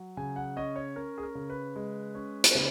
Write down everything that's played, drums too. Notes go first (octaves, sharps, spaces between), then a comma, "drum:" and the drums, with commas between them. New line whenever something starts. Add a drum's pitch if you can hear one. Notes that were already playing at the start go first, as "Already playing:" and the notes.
Already playing: F#3
C#3 G#5
F#5
C#4 D#5
C#5
C#4 A#4
G#4
A#4
C#3
B4
G#3
C#4
drum: hi-hat
C#3 B4